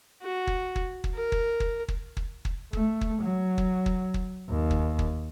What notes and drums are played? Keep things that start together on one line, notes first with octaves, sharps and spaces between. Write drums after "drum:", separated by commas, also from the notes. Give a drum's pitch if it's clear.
F#4
drum: kick
drum: kick
drum: kick
A#4
drum: kick
drum: kick
drum: kick
drum: kick
drum: kick
A3, drum: kick
drum: kick
F#3
drum: kick
drum: kick
drum: kick
D#2
drum: kick
drum: kick